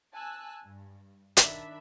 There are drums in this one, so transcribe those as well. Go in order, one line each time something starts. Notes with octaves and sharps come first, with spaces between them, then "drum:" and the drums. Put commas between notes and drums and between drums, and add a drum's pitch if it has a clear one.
G#5 A5 E6 F#6
G2
D#3 D4 E5 B5, drum: hi-hat